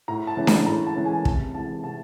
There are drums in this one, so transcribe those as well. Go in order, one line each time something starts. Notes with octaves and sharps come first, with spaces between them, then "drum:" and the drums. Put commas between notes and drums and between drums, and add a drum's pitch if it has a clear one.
A2 A#5
A5
E3 G#3 C#4
A#5, drum: snare D4
A2 A#5
A5
E3 G#3 C#4
G#5
C3 A5, drum: kick
E3 G#3 A5
C3 A5